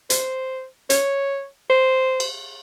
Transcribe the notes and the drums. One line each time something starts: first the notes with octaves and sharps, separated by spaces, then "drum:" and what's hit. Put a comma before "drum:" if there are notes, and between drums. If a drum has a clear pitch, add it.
C5, drum: hi-hat
C#5, drum: hi-hat
C5
drum: cymbal